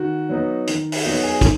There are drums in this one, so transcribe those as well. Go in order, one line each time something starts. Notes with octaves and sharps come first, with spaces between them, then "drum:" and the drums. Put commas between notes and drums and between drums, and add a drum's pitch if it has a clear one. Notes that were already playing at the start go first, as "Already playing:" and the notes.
Already playing: D#3 F#4
F#3 B3 D#4
D#3, drum: hi-hat
drum: open hi-hat
F#3 B3 D#4 F#4
G#4
D#3, drum: kick, hi-hat